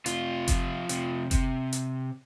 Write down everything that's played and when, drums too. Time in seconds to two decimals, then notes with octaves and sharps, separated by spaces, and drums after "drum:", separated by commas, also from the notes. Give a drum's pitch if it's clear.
0.06 C3 F4, drum: hi-hat
0.48 F3, drum: kick F#1, hi-hat
0.89 C3, drum: hi-hat
1.31 C3, drum: kick F#1, hi-hat
1.73 drum: hi-hat